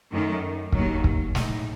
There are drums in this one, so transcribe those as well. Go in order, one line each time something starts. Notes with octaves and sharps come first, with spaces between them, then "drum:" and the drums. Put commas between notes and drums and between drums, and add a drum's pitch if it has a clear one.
F#2 D#3 A3
D#2 D#3 F#3, drum: kick
drum: kick
A2 G#3 D#4, drum: snare